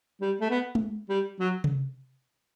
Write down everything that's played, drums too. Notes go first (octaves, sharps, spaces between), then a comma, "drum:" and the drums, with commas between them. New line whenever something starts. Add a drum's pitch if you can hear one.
G3
A3
B3
drum: tom G#3
G3
F#3
drum: tom C3